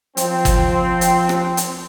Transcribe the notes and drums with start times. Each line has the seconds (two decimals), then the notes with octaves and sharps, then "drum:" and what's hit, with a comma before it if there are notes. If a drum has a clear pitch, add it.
0.17 F3 C4, drum: hi-hat
0.45 drum: kick G1, hi-hat
1.01 drum: hi-hat
1.29 drum: rim click
1.57 drum: hi-hat